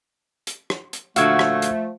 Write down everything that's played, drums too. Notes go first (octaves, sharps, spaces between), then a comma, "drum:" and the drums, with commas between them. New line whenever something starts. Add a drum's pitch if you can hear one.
drum: hi-hat
drum: rim click
drum: hi-hat
A#2 D3 F3 A3 F#4 F5 E6 G#6, drum: hi-hat
drum: rim click
drum: hi-hat